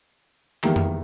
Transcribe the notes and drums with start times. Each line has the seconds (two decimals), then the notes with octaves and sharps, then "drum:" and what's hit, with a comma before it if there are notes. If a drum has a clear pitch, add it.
0.63 E2 D#3 G3 A#3, drum: clap
0.76 drum: tom F2